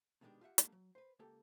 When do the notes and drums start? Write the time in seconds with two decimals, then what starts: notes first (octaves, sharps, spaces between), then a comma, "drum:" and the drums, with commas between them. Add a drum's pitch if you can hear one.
0.21 B2 D#3 G#3 C4 D4 G4
0.41 F4 G4 E5 F#5
0.58 G3 G#3 A#3 D4 A4 F#5, drum: hi-hat
0.72 F#3
0.95 B4 C5
1.19 C#2 A#3 G4 A4 G5